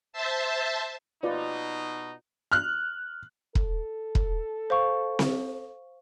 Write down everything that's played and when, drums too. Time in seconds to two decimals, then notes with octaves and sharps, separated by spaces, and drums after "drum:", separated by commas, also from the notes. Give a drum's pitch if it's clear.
0.13 C5 E5 A5
1.23 B2 D#4 F4 B4 D5
2.52 F6 F#6
3.55 A4, drum: kick
4.15 drum: kick
4.70 C5 F5 C#6
5.19 drum: snare C4